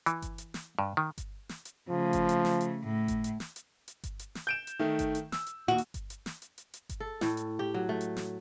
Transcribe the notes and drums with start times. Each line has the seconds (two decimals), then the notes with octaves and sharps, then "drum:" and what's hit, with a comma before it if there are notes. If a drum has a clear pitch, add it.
0.06 E3, drum: hi-hat
0.22 drum: kick G1, hi-hat
0.38 drum: hi-hat
0.54 drum: snare
0.79 G2
0.97 D#3
1.18 drum: kick G1, hi-hat
1.49 drum: snare
1.65 drum: hi-hat
1.89 C#3 F3 A3
2.13 drum: kick G1, hi-hat
2.29 drum: hi-hat
2.45 drum: snare
2.61 drum: hi-hat
2.84 A2
3.08 drum: kick G1, hi-hat
3.24 drum: hi-hat
3.40 drum: snare
3.56 drum: hi-hat
3.88 drum: hi-hat
4.04 drum: kick G1, hi-hat
4.19 drum: hi-hat
4.35 drum: snare
4.47 G6 D7 E7
4.67 drum: hi-hat
4.79 D#3 A3
4.99 drum: kick G1, hi-hat
5.15 drum: hi-hat
5.32 E6, drum: snare
5.46 drum: hi-hat
5.68 D#2 F#4
5.78 drum: hi-hat
5.94 drum: kick G1, hi-hat
6.10 drum: hi-hat
6.26 drum: snare
6.42 drum: hi-hat
6.58 drum: hi-hat
6.74 drum: hi-hat
6.89 drum: kick G1, hi-hat
7.00 A4
7.21 A2, drum: snare
7.37 drum: hi-hat
7.59 G4
7.74 F#3
7.89 A3
8.01 drum: hi-hat
8.16 drum: snare